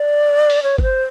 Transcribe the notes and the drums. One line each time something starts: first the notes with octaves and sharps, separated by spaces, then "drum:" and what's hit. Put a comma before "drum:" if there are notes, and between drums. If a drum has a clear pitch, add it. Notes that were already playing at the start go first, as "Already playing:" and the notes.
Already playing: D5
drum: open hi-hat
C#5
B4, drum: kick G1
C5